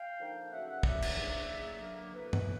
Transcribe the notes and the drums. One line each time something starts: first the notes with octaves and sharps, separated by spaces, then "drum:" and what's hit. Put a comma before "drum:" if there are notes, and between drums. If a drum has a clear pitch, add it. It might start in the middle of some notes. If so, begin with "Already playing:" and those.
Already playing: F5 G5
D3 F3 A#3 D#4
C#3 F#3 A3 C#4 E5 F#5
E5 F#5
A2 F#3 A3 C#4 D5 E5, drum: kick
drum: cymbal
G#2 E3 A3 D4
C#3 F#3 A#3
D3 F#3 A#3
C3 E3 A3 A4 B4
drum: tom G2